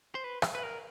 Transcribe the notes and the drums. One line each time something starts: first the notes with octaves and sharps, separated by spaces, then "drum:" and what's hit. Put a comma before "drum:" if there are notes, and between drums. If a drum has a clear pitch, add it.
C5
B4
drum: rim click
B4
A#4